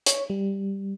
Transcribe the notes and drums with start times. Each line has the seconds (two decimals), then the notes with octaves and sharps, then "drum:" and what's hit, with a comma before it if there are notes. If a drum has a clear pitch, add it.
0.06 C#5, drum: hi-hat
0.30 G3